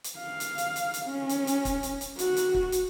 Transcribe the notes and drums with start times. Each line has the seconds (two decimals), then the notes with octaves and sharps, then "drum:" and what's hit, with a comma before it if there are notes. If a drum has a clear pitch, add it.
0.04 drum: hi-hat
0.19 F5
0.40 drum: hi-hat
0.58 drum: hi-hat
0.76 drum: hi-hat
0.94 drum: hi-hat
1.06 C#4
1.29 drum: hi-hat
1.47 drum: hi-hat
1.65 drum: kick, hi-hat
1.83 drum: hi-hat
2.01 drum: hi-hat
2.19 F#4, drum: hi-hat
2.37 drum: hi-hat
2.54 drum: kick
2.72 drum: hi-hat